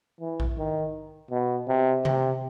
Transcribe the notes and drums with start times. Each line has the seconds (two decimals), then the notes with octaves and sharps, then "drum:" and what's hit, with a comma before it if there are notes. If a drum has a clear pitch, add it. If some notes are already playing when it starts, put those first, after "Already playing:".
0.20 E3
0.40 drum: kick A#1
0.58 D#3
1.31 B2
1.68 C3
2.05 C3, drum: tom C3